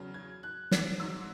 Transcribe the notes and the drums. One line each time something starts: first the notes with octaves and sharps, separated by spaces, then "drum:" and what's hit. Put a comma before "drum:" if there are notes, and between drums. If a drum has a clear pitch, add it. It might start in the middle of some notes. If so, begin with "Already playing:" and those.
Already playing: E2 C#3 F#3
G#6
F#6
drum: snare
G#2 F#3 E6